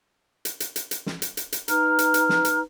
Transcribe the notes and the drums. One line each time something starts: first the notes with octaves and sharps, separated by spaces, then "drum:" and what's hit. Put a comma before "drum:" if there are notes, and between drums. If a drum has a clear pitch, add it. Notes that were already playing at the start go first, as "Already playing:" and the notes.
drum: hi-hat
drum: hi-hat
drum: hi-hat
drum: hi-hat
drum: snare
drum: hi-hat
drum: hi-hat
drum: hi-hat
D#4 B4 A#5 F6, drum: hi-hat
drum: hi-hat
drum: hi-hat
drum: snare
drum: hi-hat